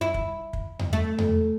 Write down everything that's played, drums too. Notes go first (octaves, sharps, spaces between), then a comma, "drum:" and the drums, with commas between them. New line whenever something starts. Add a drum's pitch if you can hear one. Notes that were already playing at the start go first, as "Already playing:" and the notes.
E4
drum: kick
drum: kick
drum: tom E2
A3
drum: tom E2